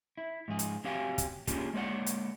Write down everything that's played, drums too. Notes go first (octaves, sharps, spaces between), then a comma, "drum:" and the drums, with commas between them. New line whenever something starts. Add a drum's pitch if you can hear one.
E4
G#2 F3 G#4
drum: hi-hat
F#3 C4 G4 F5 G5 G#5
drum: kick, hi-hat
A#3 C#4 D4 F4 G4 G#4, drum: kick, hi-hat
G#3 A#3 C#5 D5 F#5
drum: hi-hat